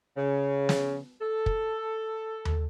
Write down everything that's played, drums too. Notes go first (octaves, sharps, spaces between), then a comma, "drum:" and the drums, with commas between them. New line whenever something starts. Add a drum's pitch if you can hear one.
C#3
drum: snare
A4
drum: kick
drum: tom D#2